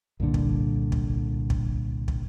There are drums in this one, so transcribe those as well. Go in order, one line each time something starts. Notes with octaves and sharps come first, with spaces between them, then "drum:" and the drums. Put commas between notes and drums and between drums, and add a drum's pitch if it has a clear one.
C2 G2 A#2 D3
drum: kick
drum: kick
drum: kick
drum: kick